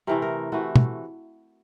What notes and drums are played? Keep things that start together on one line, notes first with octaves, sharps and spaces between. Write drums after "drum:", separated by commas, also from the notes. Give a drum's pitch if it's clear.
C3 E3 A3 A#4
A#4
C3 E3 A3 F#4
drum: tom